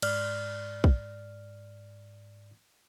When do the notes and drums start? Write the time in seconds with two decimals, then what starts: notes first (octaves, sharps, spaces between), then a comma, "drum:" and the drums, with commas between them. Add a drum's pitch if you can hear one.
0.02 G#2 D5 F6, drum: cymbal
0.84 drum: kick